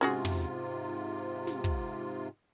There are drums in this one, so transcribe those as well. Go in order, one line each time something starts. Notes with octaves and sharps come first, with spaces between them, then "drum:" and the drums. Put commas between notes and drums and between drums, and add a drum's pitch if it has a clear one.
G#2 C3 C#4 F4 F#4 G#4, drum: open hi-hat
drum: tom
drum: snare
drum: kick